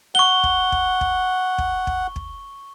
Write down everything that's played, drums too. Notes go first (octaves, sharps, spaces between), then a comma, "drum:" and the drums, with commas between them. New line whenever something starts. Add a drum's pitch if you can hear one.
F#5 C#6 G7
drum: kick
drum: kick
drum: kick
drum: kick
drum: kick
drum: kick